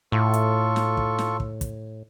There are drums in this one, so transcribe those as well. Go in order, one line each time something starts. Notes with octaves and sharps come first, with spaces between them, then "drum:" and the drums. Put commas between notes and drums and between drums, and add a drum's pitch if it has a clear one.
A2 F4 A4 C#6
drum: hi-hat
drum: snare
drum: kick
drum: snare
drum: kick
drum: kick, hi-hat